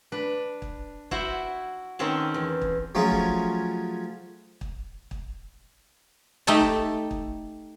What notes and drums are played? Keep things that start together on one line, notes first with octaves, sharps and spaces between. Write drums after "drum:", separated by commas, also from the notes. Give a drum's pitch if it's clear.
D4 B4
drum: kick
E4 F#4 C5 E5 F#5, drum: kick
D#3 C4 C#4 G#4 A5
E2
drum: kick
F3 F#3 A3 C#4 F4 G#4
drum: kick
drum: kick
drum: kick
A3 D#4 G4 A4 G5 A5
drum: kick
drum: kick